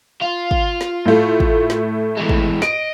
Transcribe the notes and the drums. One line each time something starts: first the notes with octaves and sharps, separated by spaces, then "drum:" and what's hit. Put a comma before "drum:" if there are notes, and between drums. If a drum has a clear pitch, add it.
F4
drum: kick
drum: snare
A2 A3
drum: kick
drum: snare
E3 G#3
drum: kick
D#5 D7, drum: snare